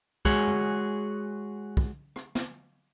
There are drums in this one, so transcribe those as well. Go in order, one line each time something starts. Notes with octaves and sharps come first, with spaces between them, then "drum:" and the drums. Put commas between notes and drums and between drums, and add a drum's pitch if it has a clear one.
G#3 F#4 G#4 C#5, drum: kick
drum: tom
drum: kick
drum: rim click
drum: snare